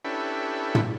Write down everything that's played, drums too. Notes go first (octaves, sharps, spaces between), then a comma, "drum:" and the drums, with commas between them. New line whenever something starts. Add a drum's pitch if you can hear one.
C#4 D4 E4 G4 A4 B4
drum: tom